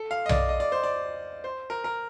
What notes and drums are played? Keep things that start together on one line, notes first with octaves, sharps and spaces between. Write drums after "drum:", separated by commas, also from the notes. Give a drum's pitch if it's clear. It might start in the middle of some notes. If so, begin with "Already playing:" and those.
Already playing: A4
F5
D#5
D5, drum: tom B1
D#5
D5
C5
D5
C5
A#4
A#4